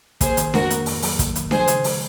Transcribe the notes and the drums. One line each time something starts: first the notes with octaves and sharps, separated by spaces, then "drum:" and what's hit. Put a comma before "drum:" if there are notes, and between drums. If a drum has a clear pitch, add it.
A#3 G#4 C5, drum: kick, hi-hat
D#3, drum: hi-hat
F2 F#4 A#4, drum: snare D4
A#3, drum: hi-hat
F2, drum: open hi-hat
F#3, drum: open hi-hat
A#3, drum: kick, hi-hat
D#3, drum: hi-hat
F3 G#4 C5, drum: snare D4
C#3, drum: hi-hat
G#3, drum: open hi-hat